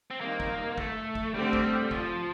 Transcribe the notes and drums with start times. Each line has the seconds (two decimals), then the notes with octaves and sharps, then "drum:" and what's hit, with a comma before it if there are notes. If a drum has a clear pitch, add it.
0.11 C4
0.21 D#3 G3 A#3 C4 D#4
0.40 drum: kick
0.78 A3, drum: kick
1.15 drum: kick
1.34 D3 G3 A3 C4 G4
1.53 drum: kick
1.91 F3, drum: kick